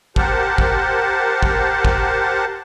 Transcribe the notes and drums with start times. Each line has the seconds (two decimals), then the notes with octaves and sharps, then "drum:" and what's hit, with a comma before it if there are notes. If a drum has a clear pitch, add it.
0.16 G4 A#4 C5 F#5 A5, drum: kick
0.58 drum: kick
1.42 drum: kick
1.85 drum: kick